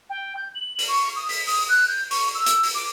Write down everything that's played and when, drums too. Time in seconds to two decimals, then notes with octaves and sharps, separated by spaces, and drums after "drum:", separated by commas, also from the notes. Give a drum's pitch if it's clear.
0.10 G5
0.37 G6
0.55 F#7
0.79 drum: open hi-hat
0.88 C#6
1.16 D#6
1.29 B6, drum: open hi-hat
1.47 D#6, drum: open hi-hat
1.69 F#6
1.88 G6
2.11 C#6, drum: open hi-hat
2.35 E6
2.46 drum: hi-hat
2.63 drum: open hi-hat
2.75 D6